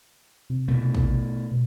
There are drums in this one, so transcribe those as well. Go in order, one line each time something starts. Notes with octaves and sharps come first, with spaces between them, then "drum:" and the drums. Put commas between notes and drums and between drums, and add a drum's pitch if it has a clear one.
C3
B2 A3
drum: kick
B2